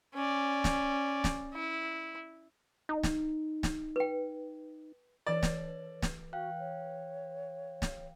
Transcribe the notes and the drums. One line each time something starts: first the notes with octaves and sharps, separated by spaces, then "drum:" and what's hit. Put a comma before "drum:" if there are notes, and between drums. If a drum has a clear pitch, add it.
C#4 D5
drum: snare
drum: snare
E4
D#4
drum: snare
drum: snare
B4 G5
E3 B4 C#5 D5
drum: snare
drum: snare
F#4 F5 G5 F#6
C#5
drum: snare